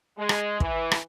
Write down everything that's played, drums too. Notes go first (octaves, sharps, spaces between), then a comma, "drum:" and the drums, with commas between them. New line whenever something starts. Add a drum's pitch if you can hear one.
G#3
drum: rim click
E3, drum: kick
drum: rim click